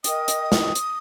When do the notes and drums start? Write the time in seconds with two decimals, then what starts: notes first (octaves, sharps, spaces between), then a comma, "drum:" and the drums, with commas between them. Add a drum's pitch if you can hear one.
0.04 A#4 D#5 G5 D#6, drum: hi-hat
0.28 drum: hi-hat
0.52 drum: snare
0.75 drum: hi-hat